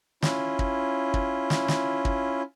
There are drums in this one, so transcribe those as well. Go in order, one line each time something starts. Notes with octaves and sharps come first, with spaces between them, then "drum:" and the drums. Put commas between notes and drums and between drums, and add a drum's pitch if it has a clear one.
C#4 E4 F4, drum: snare
drum: kick
drum: kick
drum: snare
drum: snare
drum: kick